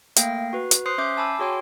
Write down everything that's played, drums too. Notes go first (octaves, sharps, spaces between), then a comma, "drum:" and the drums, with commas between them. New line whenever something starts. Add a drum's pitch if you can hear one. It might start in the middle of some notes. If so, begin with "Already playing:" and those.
A3 A#3 F5 G5 A#6, drum: hi-hat
F#4 B4
drum: hi-hat
C5 C6 D#6 F#6 C7
C#4 E5 D6 G6 C7
G#5 A5 B5 D6 E6
F#4 G#4 C#5 G5 C6